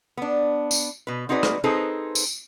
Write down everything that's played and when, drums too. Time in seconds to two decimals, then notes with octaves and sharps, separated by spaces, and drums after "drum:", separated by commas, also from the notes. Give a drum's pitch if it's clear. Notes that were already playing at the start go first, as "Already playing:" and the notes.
0.17 B3 D4
0.71 drum: tambourine
1.07 B2 B4
1.29 C4 D#4 F#4 G#4 B4 D5
1.43 drum: rim click
1.64 C4 D#4 G#4 A4 B4 C5
2.15 drum: tambourine